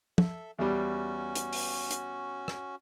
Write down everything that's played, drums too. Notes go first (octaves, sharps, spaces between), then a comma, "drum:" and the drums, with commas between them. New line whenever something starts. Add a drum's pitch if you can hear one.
A4 E5, drum: tom
E2 G3 C#4 F#4
drum: hi-hat
drum: open hi-hat
drum: hi-hat
drum: rim click